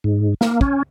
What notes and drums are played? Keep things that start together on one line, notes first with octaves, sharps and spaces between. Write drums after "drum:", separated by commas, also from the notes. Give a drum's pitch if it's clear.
G#2
A#3, drum: snare
C#4, drum: kick